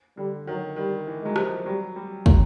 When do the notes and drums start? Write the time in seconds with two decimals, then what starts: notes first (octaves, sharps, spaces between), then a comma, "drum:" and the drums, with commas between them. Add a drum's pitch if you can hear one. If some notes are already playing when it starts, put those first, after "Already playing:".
0.17 D3 G3
0.47 D#3 F#3
0.76 D#3 G3
1.07 E3
1.22 F#3 G#3
1.36 F3, drum: rim click
1.65 F#3 G3
1.96 G3
2.26 F#3, drum: kick